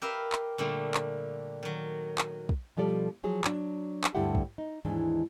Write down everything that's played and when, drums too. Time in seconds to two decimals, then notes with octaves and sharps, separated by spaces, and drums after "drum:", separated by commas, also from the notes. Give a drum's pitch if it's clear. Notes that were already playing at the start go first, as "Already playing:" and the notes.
0.02 G4 A#4 B4 E5 F5
0.32 drum: clap
0.58 A#2 D3 G3 A3
0.94 drum: clap
1.63 D#3 F#3
2.18 drum: clap
2.49 drum: kick
2.77 B2 F3 G3 A4 D5
3.23 F3 F#3 G#4
3.44 F#3 D4, drum: clap
4.04 drum: clap
4.15 D2 G2 D3 E4 G4 F#5
4.35 drum: kick
4.58 D#4
4.85 D#2 G#2 E3 G#3 D4